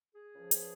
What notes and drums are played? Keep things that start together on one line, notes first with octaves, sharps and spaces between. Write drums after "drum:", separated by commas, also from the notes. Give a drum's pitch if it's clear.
G#4
C#2 C#3 F3
drum: hi-hat